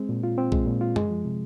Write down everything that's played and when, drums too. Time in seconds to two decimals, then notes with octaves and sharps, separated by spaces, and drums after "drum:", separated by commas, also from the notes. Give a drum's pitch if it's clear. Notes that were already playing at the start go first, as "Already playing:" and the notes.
Already playing: G#3 C4
0.09 A#2
0.23 F4
0.38 C4
0.52 G#3, drum: kick A#1
0.67 A#2
0.81 F4
0.96 G#3, drum: tom F#2
1.10 F3
1.25 C3